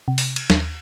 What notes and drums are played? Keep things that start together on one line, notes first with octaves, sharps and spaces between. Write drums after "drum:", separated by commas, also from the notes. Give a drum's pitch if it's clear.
C3
drum: open hi-hat
drum: cymbal
D#2, drum: snare